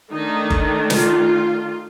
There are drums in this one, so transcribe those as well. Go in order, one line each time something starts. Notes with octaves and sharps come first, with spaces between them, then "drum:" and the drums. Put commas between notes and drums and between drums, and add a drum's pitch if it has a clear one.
D#3 A3 D4 D#4
drum: kick F#1
F4, drum: snare